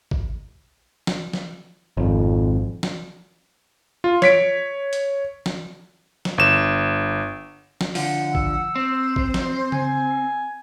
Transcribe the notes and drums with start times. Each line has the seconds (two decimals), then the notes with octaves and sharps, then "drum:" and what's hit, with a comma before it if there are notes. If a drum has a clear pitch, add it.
0.11 drum: kick G#1
1.07 drum: snare
1.33 drum: snare
1.97 G#1 F2
2.83 drum: snare
4.04 F4
4.22 C#5 B6 D7, drum: snare
4.93 drum: hi-hat
5.46 drum: snare
6.25 drum: snare
6.38 G1 E7
7.81 drum: snare
7.95 D3 F3 F#5, drum: open hi-hat
8.35 E6, drum: kick G#1
8.76 C4 C5
9.16 drum: kick G#1
9.34 drum: snare
9.72 G#5, drum: tom C#3